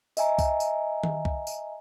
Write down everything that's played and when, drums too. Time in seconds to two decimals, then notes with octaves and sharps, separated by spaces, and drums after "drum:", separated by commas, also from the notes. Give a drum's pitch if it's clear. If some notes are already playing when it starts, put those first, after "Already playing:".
0.17 D#5 E5 G#5 A#5, drum: tambourine
0.39 drum: kick C2, tambourine
0.60 drum: tambourine
1.04 drum: tom D#3
1.25 drum: kick C2
1.47 drum: tambourine